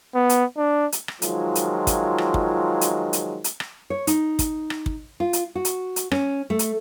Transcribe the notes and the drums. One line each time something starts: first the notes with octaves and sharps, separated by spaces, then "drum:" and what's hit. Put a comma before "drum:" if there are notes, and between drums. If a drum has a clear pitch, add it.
B3
drum: hi-hat
D4
drum: hi-hat
drum: rim click
D#3 F3 F#3 G#3 F4, drum: hi-hat
drum: hi-hat
drum: kick, hi-hat
drum: rim click
drum: kick
drum: hi-hat
drum: hi-hat
drum: hi-hat
drum: rim click
C#5
D#4, drum: hi-hat
drum: kick, hi-hat
drum: rim click
drum: kick
F4
drum: hi-hat
F#4
drum: hi-hat
drum: hi-hat
C#4, drum: rim click
A3
drum: hi-hat